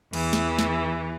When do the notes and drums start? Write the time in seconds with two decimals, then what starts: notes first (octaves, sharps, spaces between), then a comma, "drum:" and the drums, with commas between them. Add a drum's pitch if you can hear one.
0.13 E2 E3, drum: cymbal
0.33 drum: snare
0.59 drum: snare